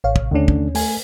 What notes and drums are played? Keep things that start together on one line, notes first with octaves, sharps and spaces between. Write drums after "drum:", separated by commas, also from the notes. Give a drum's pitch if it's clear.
A1 C#5 F5
drum: kick
D#2 D3 A3 C#4 D4
drum: kick
A3 G#5, drum: open hi-hat